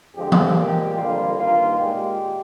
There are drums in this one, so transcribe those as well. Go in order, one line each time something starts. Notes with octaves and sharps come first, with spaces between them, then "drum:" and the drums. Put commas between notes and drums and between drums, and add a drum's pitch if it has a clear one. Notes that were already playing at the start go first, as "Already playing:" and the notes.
F2 D3 F3 G#3 G4
drum: tom E3
A#2 G#3
F2 D3 G3 A#3 F4
G2 D#3 A#3 F4
A#2 G#3 G4